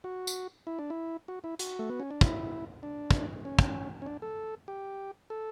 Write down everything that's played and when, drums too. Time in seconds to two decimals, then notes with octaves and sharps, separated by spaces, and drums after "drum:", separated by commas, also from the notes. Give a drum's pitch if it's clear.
0.04 F#4
0.27 drum: tambourine
0.67 E4
0.79 D4
0.90 E4
1.28 F#4
1.44 E4
1.59 F#4, drum: hi-hat
1.79 A3
1.90 B3
2.00 C#4
2.11 D4
2.21 E4, drum: kick
2.83 D4
3.11 drum: kick
3.45 C#4
3.59 drum: kick
4.02 C#4
4.06 D4
4.22 A4
4.68 G4
5.30 A4